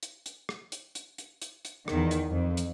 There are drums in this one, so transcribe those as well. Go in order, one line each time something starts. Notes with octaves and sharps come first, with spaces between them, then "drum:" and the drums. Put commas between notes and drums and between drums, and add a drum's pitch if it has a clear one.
drum: hi-hat
drum: hi-hat
drum: rim click
drum: hi-hat
drum: hi-hat
drum: hi-hat
drum: hi-hat
drum: hi-hat
E2 D#3, drum: rim click
drum: hi-hat
F2
drum: hi-hat